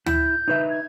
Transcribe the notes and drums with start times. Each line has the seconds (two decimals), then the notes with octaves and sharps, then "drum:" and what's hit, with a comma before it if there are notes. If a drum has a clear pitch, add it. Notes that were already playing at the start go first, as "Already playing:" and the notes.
0.06 E4 G6, drum: tom D2
0.48 D#4 B4 E5
0.70 G#6